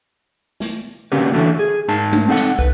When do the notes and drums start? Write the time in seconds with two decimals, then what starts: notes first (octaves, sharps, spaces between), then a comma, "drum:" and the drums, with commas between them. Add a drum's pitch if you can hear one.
0.60 drum: snare
1.12 D3 A#3 C#4 F#4 G4 B4
1.33 E3 D4 E4 F#4 A4
1.59 G#4
1.88 G#2 D#4 A5
2.13 drum: tom G#3
2.28 C4 D#4 A4 F5 F#5
2.37 drum: hi-hat
2.59 B4, drum: kick